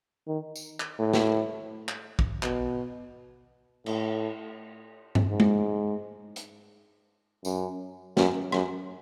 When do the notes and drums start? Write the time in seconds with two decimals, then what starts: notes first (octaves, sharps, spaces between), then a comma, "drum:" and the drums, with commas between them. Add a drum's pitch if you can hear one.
0.28 D#3
0.56 drum: tambourine
0.80 drum: clap
0.99 A2
1.13 drum: snare
1.89 drum: clap
2.19 drum: kick
2.43 B2, drum: clap
3.86 A2, drum: cymbal
5.15 drum: tom G2
5.30 G#2
5.40 drum: tom G#3
6.36 drum: hi-hat
7.45 F#2, drum: tambourine
8.17 F#2, drum: snare
8.52 F#2, drum: rim click